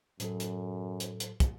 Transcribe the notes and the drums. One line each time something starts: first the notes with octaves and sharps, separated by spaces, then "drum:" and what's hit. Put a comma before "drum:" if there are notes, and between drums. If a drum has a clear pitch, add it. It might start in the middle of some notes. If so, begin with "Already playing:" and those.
F#2 A2 F#3 A4, drum: hi-hat
drum: hi-hat
drum: hi-hat
drum: hi-hat
drum: kick, hi-hat